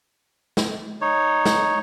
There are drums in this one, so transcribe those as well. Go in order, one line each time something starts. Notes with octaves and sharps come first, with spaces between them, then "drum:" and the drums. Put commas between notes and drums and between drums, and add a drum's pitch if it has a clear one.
drum: snare
D#4 C#5
drum: snare